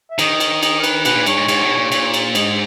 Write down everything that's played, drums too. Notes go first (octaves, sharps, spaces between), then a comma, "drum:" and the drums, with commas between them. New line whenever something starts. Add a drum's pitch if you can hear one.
E5
D#3 D#5, drum: cymbal
drum: cymbal
D#5, drum: cymbal
A#4
B4, drum: cymbal
B2 B4, drum: cymbal
A#2
G2 C#5, drum: cymbal
G#2
G#2, drum: cymbal
B2
A#2
A#2, drum: cymbal
drum: cymbal
G#2 D#5, drum: cymbal